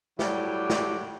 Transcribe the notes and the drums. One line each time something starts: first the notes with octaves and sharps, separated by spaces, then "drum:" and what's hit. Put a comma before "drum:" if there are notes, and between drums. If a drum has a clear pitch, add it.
A2 F#3 G3 E4 G4, drum: snare
drum: snare